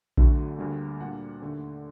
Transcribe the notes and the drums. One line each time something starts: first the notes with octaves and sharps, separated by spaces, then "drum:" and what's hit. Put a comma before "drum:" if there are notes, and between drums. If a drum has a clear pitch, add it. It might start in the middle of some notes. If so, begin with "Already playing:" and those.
D2 D3 F#3 A3, drum: kick A#1
D2 D3 G3 A#3 D4
A#2 G3 A#3 D4 F#5 A5
D#2 D3 A3